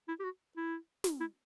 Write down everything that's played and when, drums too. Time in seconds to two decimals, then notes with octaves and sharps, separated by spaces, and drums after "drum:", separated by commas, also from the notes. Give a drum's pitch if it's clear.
0.08 E4
0.20 G4
0.24 F#4
0.57 E4
1.04 drum: snare
1.20 E4